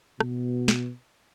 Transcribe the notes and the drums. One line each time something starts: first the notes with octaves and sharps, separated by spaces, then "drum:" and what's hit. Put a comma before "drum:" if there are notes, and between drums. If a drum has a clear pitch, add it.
B2, drum: rim click
drum: snare